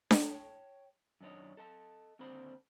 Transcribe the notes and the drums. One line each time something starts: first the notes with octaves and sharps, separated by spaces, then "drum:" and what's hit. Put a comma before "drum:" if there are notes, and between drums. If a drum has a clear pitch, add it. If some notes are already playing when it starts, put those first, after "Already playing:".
C#5 G5 A5, drum: snare D4
F#2 D#3 D4 C#5 D#5
A4 D#5 A5
D#2 D3 C4 D4 C5 B5